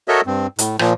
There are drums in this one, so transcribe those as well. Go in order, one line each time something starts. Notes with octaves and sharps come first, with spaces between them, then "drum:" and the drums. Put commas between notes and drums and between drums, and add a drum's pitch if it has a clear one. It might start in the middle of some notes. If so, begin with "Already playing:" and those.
F#4 A4 A#4 C#5 D#5 E5
G2 C4
A2, drum: hi-hat
A#2 F3, drum: rim click